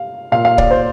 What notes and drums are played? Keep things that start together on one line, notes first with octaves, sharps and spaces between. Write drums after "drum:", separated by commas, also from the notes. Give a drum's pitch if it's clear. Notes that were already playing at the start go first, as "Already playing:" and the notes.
Already playing: F5
A#2 F5
F5
D5, drum: kick
C5